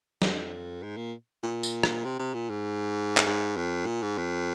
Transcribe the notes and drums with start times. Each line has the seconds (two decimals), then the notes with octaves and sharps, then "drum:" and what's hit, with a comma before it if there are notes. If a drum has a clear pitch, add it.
0.22 F2, drum: snare
0.83 G#2
0.97 A#2
1.43 A#2
1.63 drum: tambourine
1.83 drum: rim click
2.04 C3
2.19 C3
2.34 A#2
2.50 G#2
3.17 drum: clap
3.27 G#2
3.56 F2
3.86 A#2
4.02 G#2
4.18 F2